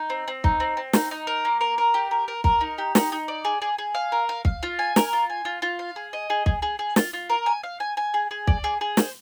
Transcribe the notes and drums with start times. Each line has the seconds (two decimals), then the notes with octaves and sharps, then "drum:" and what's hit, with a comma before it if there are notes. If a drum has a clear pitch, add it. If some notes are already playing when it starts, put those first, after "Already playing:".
Already playing: D#4
0.10 C4
0.28 C4
0.44 D#4, drum: kick
0.60 C4
0.77 C4
0.93 D#4, drum: snare
1.11 D#4
1.27 A#4
1.45 A#3
1.61 A#4
1.78 A#4
1.94 G4
2.11 A#4
2.28 A#4
2.44 A#4, drum: kick
2.61 D#4
2.78 G4
2.95 D#4, drum: snare
3.12 D#4
3.28 D5
3.45 G#4
3.62 G#4
3.78 G#4
3.95 F5
4.12 A#4
4.29 F5
4.45 F5, drum: kick
4.63 F4
4.79 G#5
4.96 A#4, drum: snare
5.13 F4
5.30 G#5
5.45 F4
5.62 F4
5.79 F5
5.96 G#4
6.13 D#5
6.30 G#4
6.46 G#4, drum: kick
6.62 G#4
6.79 G#4
6.96 F4, drum: snare
7.13 F4
7.30 A#4
7.46 G#5
7.63 F5
7.80 G#5
7.97 G#5
8.14 G#4
8.31 G#4
8.47 D5, drum: kick
8.64 G#4
8.81 G#4
8.97 C5, drum: snare